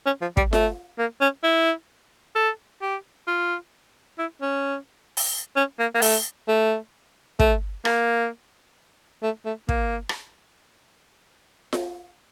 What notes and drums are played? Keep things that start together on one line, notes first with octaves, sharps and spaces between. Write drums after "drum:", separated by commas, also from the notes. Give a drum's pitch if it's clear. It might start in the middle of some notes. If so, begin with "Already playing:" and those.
C#4
F3
G3, drum: kick
A3, drum: snare F4
A#3
C#4
E4
A4
G4
F4
E4
C#4
drum: open hi-hat
C#4
A#3
A#3
A3, drum: open hi-hat
A3
A3, drum: kick
A#3, drum: rim click
A3
A3
A#3, drum: kick
drum: rim click
drum: snare F4